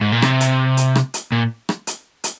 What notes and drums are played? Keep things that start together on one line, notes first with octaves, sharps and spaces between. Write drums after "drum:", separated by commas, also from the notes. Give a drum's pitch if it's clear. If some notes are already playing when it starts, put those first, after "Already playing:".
G#2
A#2
C3, drum: rim click
drum: hi-hat
drum: hi-hat
drum: rim click
drum: hi-hat
A#2
drum: rim click
drum: hi-hat
drum: hi-hat